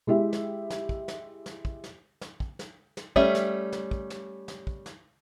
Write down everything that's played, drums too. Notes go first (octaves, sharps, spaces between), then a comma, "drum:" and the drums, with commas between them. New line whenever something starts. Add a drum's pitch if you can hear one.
G#3 E4 G4 E5
drum: snare
drum: snare
drum: kick
drum: snare
drum: snare
drum: kick
drum: snare
drum: snare
drum: kick
drum: snare
drum: snare
G3 A3 C#4 E5, drum: kick
drum: snare
drum: snare
drum: kick
drum: snare
drum: snare
drum: kick
drum: snare